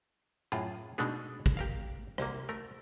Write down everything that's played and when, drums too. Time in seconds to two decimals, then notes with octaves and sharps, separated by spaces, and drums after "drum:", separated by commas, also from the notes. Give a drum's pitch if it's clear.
0.52 F#2 A2 F4 G#4
0.98 B2 G#3 A3 D4 D#4 G#4
1.46 drum: kick A1
1.57 G4 A#4 F5
2.18 C2 A#3, drum: rim click
2.49 A3 A#4